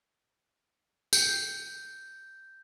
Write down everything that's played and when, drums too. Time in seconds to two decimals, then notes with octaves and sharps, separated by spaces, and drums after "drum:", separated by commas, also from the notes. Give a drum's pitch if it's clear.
1.13 G6, drum: tambourine